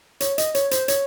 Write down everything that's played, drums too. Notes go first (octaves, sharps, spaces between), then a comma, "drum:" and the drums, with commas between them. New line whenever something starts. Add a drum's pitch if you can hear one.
C#5, drum: hi-hat
D#5, drum: hi-hat
C#5, drum: hi-hat
C5, drum: hi-hat
C#5, drum: hi-hat